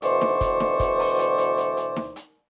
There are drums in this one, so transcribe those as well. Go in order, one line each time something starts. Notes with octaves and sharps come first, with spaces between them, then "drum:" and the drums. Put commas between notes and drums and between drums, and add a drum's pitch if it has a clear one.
D2 B2 E3 C5 D5 C#6, drum: hi-hat
drum: snare D#4
drum: kick, hi-hat
drum: snare D#4
drum: kick, hi-hat
drum: open hi-hat
drum: hi-hat
drum: hi-hat
drum: hi-hat
drum: hi-hat
drum: snare D#4
drum: hi-hat